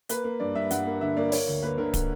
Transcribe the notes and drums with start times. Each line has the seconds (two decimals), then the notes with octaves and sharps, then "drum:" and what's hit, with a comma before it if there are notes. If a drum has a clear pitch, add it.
0.09 A#3 B4, drum: hi-hat
0.24 A#3
0.40 G2 D5
0.55 G2 E5
0.71 G2 F#5, drum: hi-hat
0.86 A#3
1.01 D3 E5
1.17 A#3 D5
1.32 A#3 C#5, drum: open hi-hat
1.47 D2
1.63 A#3 B4
1.78 D3 A#4
1.94 D3, drum: kick, hi-hat